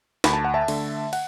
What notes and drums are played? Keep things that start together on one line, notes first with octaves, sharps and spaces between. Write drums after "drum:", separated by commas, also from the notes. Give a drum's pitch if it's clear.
D2 B5, drum: snare
A5
F#5
E5 A5
D3 A3, drum: cymbal
F#5, drum: cymbal